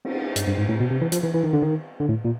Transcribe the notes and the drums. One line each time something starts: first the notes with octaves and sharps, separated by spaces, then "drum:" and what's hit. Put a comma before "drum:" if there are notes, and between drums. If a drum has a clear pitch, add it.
drum: cymbal
G2, drum: hi-hat
G2
G#2
A2
B2
C3
E3
F3, drum: hi-hat
E3
E3
D#3
D3
D#3
D3
A2
A#2